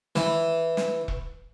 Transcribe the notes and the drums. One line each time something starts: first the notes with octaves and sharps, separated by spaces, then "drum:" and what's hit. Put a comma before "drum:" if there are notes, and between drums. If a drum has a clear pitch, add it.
E3, drum: snare
drum: snare
drum: kick E1